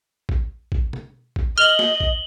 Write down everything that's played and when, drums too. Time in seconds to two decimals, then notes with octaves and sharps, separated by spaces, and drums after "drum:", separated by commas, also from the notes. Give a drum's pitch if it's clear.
0.29 drum: kick A#1
0.72 drum: kick A#1
0.93 drum: tom B2
1.36 drum: kick A#1
1.58 D#5 F6 F#7 G7
1.79 drum: snare
2.00 drum: kick A#1